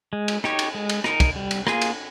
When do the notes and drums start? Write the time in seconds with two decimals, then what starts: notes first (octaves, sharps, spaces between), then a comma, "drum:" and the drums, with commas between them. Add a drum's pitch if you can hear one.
0.13 G#3
0.28 drum: cymbal
0.44 D#4 G4 C#5, drum: rim click
0.59 drum: cymbal
0.74 G#3
0.89 drum: cymbal
1.04 D#4 A#4, drum: rim click
1.20 drum: kick, cymbal
1.36 G3
1.51 drum: cymbal
1.67 A#3 F4 G#4, drum: rim click
1.81 drum: cymbal